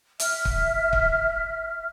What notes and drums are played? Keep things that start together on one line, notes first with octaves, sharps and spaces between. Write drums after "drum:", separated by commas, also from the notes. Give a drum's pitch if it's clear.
E5 F6, drum: hi-hat
drum: kick
drum: kick